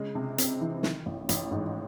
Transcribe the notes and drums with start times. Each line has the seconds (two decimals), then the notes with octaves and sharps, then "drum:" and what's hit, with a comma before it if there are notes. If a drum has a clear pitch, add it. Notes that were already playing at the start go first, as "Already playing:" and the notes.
Already playing: C#3 G#3
0.15 C3
0.38 C4, drum: hi-hat
0.61 E3
0.83 D#3, drum: snare
1.06 A1
1.29 A1, drum: hi-hat
1.51 G#2